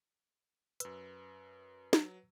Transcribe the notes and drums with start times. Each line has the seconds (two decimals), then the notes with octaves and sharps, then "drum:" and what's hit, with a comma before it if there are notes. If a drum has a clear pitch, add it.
0.80 F#2 B4 E6, drum: hi-hat
1.93 F#3, drum: snare